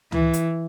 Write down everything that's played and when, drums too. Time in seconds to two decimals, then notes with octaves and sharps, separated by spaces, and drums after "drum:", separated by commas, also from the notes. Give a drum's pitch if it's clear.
0.12 E3, drum: tom
0.33 drum: hi-hat